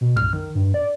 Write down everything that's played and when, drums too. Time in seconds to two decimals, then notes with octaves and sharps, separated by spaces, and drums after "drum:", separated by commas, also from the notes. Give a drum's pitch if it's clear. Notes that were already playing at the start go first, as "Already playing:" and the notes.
0.01 B2
0.16 F6, drum: tom F#2
0.33 D#3
0.55 G2
0.74 D5